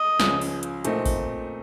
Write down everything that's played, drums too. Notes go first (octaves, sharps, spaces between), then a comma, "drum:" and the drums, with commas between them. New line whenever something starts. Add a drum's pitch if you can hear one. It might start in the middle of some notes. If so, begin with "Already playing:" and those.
Already playing: D#5
C#2 C#3 F3, drum: snare
drum: open hi-hat
drum: hi-hat
A#2 A3 C4 D#4, drum: hi-hat
drum: kick A1, open hi-hat